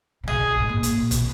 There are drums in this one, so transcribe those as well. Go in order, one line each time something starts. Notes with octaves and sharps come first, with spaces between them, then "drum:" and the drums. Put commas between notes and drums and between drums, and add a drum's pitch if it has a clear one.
C#3
B2 G#4, drum: tom
G#2
A#2
drum: hi-hat
B2, drum: kick, hi-hat